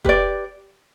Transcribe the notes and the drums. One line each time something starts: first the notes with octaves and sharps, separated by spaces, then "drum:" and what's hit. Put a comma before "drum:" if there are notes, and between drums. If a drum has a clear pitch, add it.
G4 B4 D5, drum: kick F1